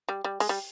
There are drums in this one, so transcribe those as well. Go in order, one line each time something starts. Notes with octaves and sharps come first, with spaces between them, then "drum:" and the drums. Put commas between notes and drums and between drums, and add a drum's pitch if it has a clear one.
G3
G3
G#3, drum: open hi-hat
G3